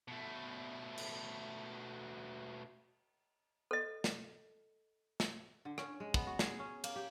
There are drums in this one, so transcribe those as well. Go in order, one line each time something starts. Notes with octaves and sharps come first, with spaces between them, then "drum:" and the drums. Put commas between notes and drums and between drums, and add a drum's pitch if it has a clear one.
B2 A3
drum: cymbal
A4 D#5
drum: snare
drum: snare
D3
C#4, drum: rim click
G#3
B3, drum: kick
F#4
G#4, drum: snare
C#4
A#3, drum: cymbal
G4